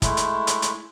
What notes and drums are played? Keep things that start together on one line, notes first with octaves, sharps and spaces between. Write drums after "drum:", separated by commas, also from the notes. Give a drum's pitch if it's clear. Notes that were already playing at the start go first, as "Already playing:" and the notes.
G#3 A3 E4, drum: kick, hi-hat
drum: hi-hat
drum: hi-hat
drum: hi-hat